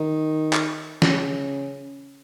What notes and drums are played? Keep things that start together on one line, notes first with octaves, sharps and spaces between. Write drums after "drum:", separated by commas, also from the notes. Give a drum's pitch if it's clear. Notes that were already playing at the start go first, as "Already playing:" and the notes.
Already playing: D#3
drum: clap
C#3, drum: snare